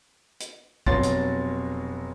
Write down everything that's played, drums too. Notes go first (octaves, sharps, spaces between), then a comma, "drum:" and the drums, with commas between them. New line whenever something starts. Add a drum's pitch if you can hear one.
drum: hi-hat
F1 B2 F#3 C#5 C6 A6, drum: kick A1
drum: hi-hat